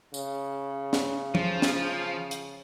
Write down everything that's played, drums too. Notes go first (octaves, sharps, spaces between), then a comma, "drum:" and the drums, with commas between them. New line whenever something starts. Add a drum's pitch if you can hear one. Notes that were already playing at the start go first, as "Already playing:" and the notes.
C#3, drum: tambourine
drum: snare
F3, drum: tom F3
drum: snare
drum: hi-hat